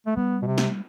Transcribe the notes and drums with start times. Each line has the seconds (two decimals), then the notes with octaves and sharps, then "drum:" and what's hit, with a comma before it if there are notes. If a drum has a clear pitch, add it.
0.06 A3
0.16 G3 B3
0.42 B2
0.47 C3
0.58 drum: snare